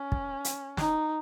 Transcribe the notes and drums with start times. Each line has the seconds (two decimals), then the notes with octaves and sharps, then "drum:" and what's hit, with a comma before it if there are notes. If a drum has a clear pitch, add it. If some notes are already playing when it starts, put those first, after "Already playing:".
Already playing: C#4
0.12 drum: kick
0.45 drum: hi-hat
0.77 D#4, drum: snare